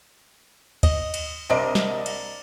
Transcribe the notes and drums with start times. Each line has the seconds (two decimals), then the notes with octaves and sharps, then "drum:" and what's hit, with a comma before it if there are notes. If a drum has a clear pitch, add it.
0.83 D#5, drum: kick, cymbal
1.14 drum: cymbal
1.50 C2 C4 D4 A#4 D5 D#5 D7
1.75 drum: snare
2.06 drum: cymbal